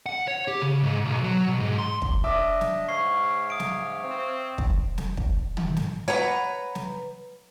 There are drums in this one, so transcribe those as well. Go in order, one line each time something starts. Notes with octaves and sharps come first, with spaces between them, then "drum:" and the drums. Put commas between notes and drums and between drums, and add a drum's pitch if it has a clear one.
F#5
C#5
G4
C#3
G#2
B1
F#3
B2
G#2
C6
drum: kick
D4 D#5 E5 D6
drum: snare
G#2 C#5 F5 C#6 C7
D#6 D7
drum: snare
C4
drum: kick
drum: snare
drum: kick
drum: tom
drum: snare
B4 C#5 F#5 A#5
drum: snare